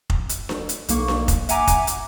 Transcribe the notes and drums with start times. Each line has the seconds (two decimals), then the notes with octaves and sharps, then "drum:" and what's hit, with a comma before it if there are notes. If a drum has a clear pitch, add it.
0.10 drum: kick
0.29 drum: hi-hat
0.49 drum: snare D4
0.69 drum: hi-hat
0.89 B1 A#3 C#6, drum: hi-hat
1.08 drum: snare D4
1.28 drum: kick, hi-hat
1.49 E5 F#5 G#5 A#5 D6, drum: hi-hat
1.67 drum: kick, hi-hat
1.87 drum: hi-hat